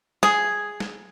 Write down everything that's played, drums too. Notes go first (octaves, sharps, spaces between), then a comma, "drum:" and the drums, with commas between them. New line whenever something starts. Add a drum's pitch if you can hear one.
G#4, drum: snare
drum: snare